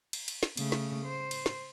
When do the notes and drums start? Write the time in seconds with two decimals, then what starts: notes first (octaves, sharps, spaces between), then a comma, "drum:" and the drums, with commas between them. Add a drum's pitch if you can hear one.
0.13 drum: cymbal
0.28 drum: cymbal
0.43 drum: snare
0.57 C#3 A3, drum: cymbal
0.72 drum: snare
1.05 C5
1.31 drum: cymbal
1.46 drum: snare